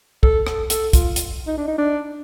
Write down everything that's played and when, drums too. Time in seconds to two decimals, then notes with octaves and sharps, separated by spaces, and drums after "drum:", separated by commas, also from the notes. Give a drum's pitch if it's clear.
0.23 A4, drum: kick
0.47 A4, drum: rim click
0.70 A4, drum: hi-hat
0.93 F4, drum: kick, hi-hat
1.16 drum: hi-hat
1.47 D#4
1.58 D4
1.68 D#4
1.78 D4